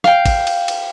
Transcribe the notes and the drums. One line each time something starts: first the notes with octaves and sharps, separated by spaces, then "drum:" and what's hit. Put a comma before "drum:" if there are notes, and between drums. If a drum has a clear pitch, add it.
F5 G5, drum: rim click
drum: kick, cymbal
drum: cymbal
drum: cymbal